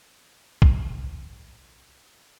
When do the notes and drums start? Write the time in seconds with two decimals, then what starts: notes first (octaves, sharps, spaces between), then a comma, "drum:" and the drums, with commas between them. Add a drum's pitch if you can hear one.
0.15 G3 A#3 D4 A#4
0.62 drum: kick